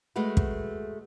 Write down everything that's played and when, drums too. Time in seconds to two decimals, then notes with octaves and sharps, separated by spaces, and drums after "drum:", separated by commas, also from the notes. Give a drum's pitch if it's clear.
0.16 G#3 A3 F#4 B4
0.37 drum: kick